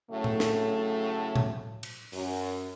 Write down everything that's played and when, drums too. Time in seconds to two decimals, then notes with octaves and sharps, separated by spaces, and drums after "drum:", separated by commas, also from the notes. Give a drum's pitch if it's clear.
0.11 A2 C#3 F#3 A3
0.24 drum: tom A2
0.40 drum: snare
1.36 drum: tom A2
1.83 drum: cymbal
2.12 F#2, drum: open hi-hat